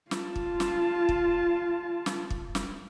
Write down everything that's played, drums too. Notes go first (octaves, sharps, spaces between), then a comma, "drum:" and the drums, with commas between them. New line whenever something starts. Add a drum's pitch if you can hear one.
F4 A5, drum: snare
drum: kick
drum: snare
drum: kick
drum: snare
drum: kick
drum: snare